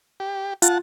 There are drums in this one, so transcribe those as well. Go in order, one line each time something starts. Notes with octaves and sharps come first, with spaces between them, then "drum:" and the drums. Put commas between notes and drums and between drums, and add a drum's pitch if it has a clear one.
G4
F4 F#5 A5, drum: hi-hat